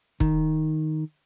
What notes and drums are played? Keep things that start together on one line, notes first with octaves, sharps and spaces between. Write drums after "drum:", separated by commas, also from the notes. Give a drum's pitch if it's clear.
D#3, drum: kick E1